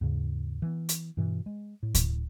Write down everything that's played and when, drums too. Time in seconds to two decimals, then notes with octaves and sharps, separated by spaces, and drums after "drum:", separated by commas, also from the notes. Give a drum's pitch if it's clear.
0.01 D#2 G#2 C#3
0.62 E3 B3
0.89 drum: hi-hat
1.17 G2 B2 E3
1.46 G#3
1.83 A2
1.94 drum: kick D2, hi-hat